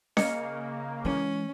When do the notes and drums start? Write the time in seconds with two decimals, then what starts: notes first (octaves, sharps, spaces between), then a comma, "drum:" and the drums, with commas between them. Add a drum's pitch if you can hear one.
0.17 C#3 A#3 D#5 C#7, drum: snare C#4
1.05 E3 G#3 C#4